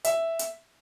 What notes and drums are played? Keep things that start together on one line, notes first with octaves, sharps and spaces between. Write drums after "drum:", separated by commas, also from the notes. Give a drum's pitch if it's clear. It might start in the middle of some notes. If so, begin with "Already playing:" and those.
E5, drum: hi-hat
drum: hi-hat